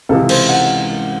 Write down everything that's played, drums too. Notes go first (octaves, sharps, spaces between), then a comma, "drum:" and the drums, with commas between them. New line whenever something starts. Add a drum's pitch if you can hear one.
C#2 C3 E3 A4
C5, drum: cymbal
F#5